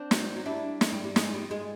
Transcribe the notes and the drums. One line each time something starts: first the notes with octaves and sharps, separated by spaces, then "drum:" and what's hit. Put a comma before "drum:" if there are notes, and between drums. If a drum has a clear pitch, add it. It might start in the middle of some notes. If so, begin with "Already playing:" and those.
Already playing: C4 D4
F#3, drum: snare
F#3
G3 D4 E4
G#3, drum: snare
G3
G3
G#3 D#4 F4, drum: snare
G3
G#3